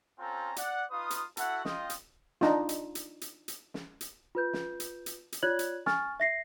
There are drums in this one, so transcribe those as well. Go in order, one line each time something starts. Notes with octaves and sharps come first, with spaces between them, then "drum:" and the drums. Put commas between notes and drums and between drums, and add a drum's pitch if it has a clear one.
C4 C#4 F4 A4 C5 A#5
D5 F#5, drum: hi-hat
D#4 F4 B4 F5 D#6
drum: hi-hat
E4 F#4 A4 F#5, drum: hi-hat
F4 D#5 G5, drum: snare
drum: hi-hat
D4 D#4 F4, drum: snare
drum: hi-hat
drum: hi-hat
drum: hi-hat
drum: hi-hat
drum: snare
drum: hi-hat
F4 B4 G6
drum: snare
drum: hi-hat
drum: hi-hat
drum: hi-hat
F4 C#5 D5 F#6 G#6 F#7
drum: hi-hat
G#5 C#6 F6 A6, drum: snare
E5 A#6 C7